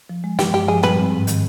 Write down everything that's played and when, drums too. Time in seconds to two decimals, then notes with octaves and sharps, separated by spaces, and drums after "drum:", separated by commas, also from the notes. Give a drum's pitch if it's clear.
0.09 F3
0.24 G#3
0.39 G2 G4, drum: snare
0.53 G2 G4
0.68 F3 G#4
0.83 G3 B4, drum: tom
0.98 C4
1.12 G#2
1.27 D#3, drum: hi-hat